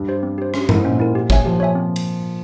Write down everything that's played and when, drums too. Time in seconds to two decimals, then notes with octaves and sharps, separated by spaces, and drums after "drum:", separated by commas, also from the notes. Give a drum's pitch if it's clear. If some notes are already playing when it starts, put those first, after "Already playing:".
Already playing: G2
0.08 G4 C5
0.23 C4
0.38 G4 C5
0.54 C#4, drum: rim click
0.69 G#2 E4 A#4, drum: tom G2
0.85 A#2 C#4
1.00 E4 A#4
1.15 G4
1.30 C#5 E5 G#5, drum: kick G1
1.45 F3 G4
1.60 C#5 E5 G#5
1.75 C4
1.96 drum: cymbal